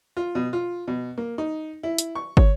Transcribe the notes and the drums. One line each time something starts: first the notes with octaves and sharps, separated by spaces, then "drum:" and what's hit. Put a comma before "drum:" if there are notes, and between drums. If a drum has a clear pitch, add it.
F4
B2
F4
B2
A#3
D#4
E4
drum: hi-hat
C#6
C#5, drum: kick